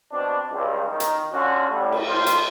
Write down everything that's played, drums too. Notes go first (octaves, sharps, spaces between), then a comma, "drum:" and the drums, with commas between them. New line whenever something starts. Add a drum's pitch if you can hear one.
B2 C4 D4
C#2 G2
D#3
drum: hi-hat
D3 C#4 F4 F#4
A2 G3
drum: cymbal
D#2 A2 F3 F4 C5
drum: hi-hat